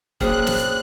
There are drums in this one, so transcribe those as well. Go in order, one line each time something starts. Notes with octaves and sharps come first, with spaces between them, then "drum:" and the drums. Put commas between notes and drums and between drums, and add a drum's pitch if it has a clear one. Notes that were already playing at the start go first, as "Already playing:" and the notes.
F#2 A#3 D4 G#4 C5 G5 F6 F#6, drum: kick
drum: snare